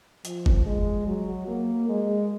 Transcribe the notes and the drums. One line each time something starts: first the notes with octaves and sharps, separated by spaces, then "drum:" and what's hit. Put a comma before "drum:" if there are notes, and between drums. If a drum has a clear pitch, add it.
F3, drum: hi-hat
drum: kick
G#3
F#3
A#3
G#3